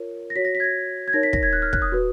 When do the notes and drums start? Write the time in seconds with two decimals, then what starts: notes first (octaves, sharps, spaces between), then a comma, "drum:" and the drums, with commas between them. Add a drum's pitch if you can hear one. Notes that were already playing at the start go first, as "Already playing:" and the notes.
Already playing: F4 A#4 C#5
0.30 A#6
0.35 F#4 C#5 B6
0.45 A#6
0.55 B6
0.60 G#6
0.64 A#6
1.08 G#6
1.13 D#4 A#4 C#5 A#6
1.23 B6
1.33 A#6, drum: kick
1.43 G#6
1.53 F#6
1.62 F6
1.73 F#6, drum: kick
1.82 D#6
1.92 F#4 B4